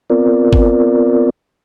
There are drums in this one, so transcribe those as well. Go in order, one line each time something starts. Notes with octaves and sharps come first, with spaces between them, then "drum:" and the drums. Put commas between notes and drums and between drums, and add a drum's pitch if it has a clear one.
B3 C4 F4 A#4 D5
drum: kick